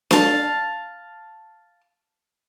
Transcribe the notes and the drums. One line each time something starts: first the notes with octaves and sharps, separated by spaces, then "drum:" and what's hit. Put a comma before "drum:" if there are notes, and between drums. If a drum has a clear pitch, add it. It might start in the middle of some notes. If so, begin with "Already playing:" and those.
F5 A5, drum: snare D4